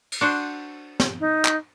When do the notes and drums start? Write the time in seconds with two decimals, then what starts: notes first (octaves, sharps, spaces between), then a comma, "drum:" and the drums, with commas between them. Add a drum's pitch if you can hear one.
0.12 drum: cymbal
0.21 D4 F#4 C5
1.00 drum: snare
1.20 D#4
1.45 drum: clap